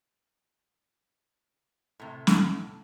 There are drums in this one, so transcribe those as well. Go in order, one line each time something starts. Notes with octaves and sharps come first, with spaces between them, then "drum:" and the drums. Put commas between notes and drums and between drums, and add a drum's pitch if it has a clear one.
A2 C3
drum: snare